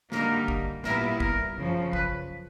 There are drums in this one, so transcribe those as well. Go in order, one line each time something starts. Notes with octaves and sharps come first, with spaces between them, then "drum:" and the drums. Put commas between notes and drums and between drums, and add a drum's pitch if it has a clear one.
D3 G3 A#3 D#4 A#4, drum: snare
drum: kick
A#2 G3 B3 E4 A#4, drum: snare
A#4, drum: kick
F#2 C#3 F3
B4, drum: kick